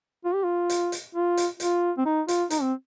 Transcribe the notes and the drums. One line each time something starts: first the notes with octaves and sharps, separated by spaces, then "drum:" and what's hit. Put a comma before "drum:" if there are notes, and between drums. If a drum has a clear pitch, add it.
F4
G4
F4
drum: hi-hat
drum: hi-hat
F4
drum: hi-hat
F4, drum: hi-hat
C4
D#4
F4, drum: hi-hat
D#4, drum: hi-hat
C4